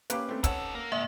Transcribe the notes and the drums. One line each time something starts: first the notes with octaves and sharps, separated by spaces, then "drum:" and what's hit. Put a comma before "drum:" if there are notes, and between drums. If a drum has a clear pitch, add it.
A#3 C#4 G4 B4 F5 D6, drum: hi-hat
A3 C4
D#4 A4 C#5 F#5 E6, drum: kick, hi-hat
A#3
C#2 G#2 A#3 E5